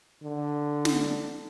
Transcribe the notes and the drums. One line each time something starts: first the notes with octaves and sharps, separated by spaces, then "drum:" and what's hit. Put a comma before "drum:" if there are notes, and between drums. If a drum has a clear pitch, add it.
D3
drum: snare